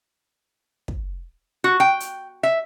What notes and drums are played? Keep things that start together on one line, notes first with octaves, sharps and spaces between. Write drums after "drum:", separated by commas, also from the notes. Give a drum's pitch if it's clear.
drum: kick
F#4
G5
drum: hi-hat
E5